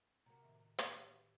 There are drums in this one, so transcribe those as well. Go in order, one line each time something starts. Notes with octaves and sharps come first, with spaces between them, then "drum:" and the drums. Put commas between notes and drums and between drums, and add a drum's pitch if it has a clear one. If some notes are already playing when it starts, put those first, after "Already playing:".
C3 F#3 A#3 A#5
A2 D#3 E5
E3 F#4, drum: hi-hat
G4 C#5